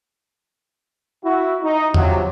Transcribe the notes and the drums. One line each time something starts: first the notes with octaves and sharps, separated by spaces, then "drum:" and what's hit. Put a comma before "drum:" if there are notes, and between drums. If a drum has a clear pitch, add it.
E4 F#4
D#4
C3 F3 F#3, drum: tom E2